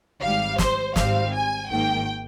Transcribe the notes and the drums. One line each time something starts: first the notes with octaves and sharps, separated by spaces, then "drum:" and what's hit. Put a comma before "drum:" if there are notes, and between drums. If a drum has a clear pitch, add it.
G#1 G#2 G3 F5
C5, drum: snare
G#1 G#2 G3 C4 F5, drum: snare
G#5
G#1 G#2 D#3 A#3 G5